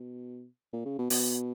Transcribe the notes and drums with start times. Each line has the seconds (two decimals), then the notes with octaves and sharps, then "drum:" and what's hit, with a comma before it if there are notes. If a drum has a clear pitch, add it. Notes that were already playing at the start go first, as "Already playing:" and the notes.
Already playing: B2
0.73 A#2
0.85 C#3
0.98 B2
1.10 B2, drum: open hi-hat